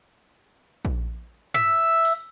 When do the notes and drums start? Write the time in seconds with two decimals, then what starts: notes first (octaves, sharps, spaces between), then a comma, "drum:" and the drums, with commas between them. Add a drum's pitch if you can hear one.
0.85 drum: kick A#1
1.54 E5, drum: tom
2.05 drum: open hi-hat